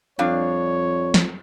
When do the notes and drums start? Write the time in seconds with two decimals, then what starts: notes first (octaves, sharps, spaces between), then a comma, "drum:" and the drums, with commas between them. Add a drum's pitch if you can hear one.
0.19 F2 G3 D4 C#5 F5
1.14 drum: snare